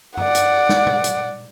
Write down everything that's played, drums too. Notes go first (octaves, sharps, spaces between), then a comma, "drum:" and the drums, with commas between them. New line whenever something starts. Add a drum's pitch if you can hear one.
D5 F#5, drum: tom F#2
drum: hi-hat
drum: snare
drum: tom A#2
drum: hi-hat